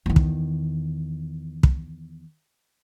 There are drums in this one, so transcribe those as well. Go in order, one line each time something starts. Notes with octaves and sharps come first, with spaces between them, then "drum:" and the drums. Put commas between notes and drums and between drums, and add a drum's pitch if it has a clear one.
E2 D#3
drum: kick
drum: kick